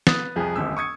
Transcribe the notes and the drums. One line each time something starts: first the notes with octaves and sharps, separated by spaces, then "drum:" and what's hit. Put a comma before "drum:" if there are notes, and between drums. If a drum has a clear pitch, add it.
B4 D#6 A6, drum: snare
C2 F2 G#4
D#1 G#1 D2 E6
C#6 D#6 G#6 C#7